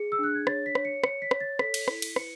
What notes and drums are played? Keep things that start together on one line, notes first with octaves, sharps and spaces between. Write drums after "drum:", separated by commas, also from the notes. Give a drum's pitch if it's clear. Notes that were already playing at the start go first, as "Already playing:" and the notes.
Already playing: G#4 C#7
E6
D4 F#6
G#6
C#5 A6, drum: rim click
B6
C#5, drum: rim click
C#7
C#5 C#7, drum: rim click
B6
C#5, drum: rim click
A6
A4 B6, drum: rim click
drum: cymbal
E4, drum: rim click
drum: cymbal
B4 C#7, drum: rim click